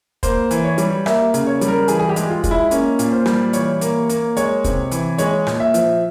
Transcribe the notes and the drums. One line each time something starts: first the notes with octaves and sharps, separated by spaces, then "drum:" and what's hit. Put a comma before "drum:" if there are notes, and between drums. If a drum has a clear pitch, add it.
A#3 C5, drum: kick, hi-hat
E3, drum: hi-hat
C#5
G3, drum: hi-hat
A#3 E5, drum: rim click
C#3, drum: hi-hat
C#5
G3, drum: hi-hat
A#4
E3 G#4, drum: hi-hat
G#4
G4
G#3, drum: hi-hat
F4
G#3, drum: kick, hi-hat
E4
A#3 C#4, drum: hi-hat
A#2, drum: hi-hat
C5
G3, drum: rim click
E3 C#5, drum: hi-hat
A#3, drum: hi-hat
A#3, drum: hi-hat
G#3 C#5, drum: hi-hat
C3, drum: kick, hi-hat
E3, drum: hi-hat
G#3 C#5, drum: hi-hat
A#2, drum: rim click
E5
F3, drum: hi-hat